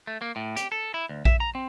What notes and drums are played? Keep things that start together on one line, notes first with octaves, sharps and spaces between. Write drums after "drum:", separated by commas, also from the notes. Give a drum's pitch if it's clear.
A3
A#3
A2
G4, drum: hi-hat
A4
E4
D2
E5, drum: kick A#1
A#5
C4